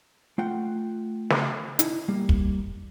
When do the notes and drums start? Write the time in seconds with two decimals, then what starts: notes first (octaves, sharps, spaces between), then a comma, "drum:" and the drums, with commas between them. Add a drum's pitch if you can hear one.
0.38 A3 F4 F#5 G5
1.30 drum: snare
1.79 D#4 E4, drum: hi-hat
2.08 G3 A#3
2.29 drum: kick